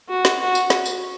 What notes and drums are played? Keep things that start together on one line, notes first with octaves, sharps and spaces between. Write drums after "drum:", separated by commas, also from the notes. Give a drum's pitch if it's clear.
F#4
drum: snare
F#4
drum: tambourine
drum: snare
drum: tambourine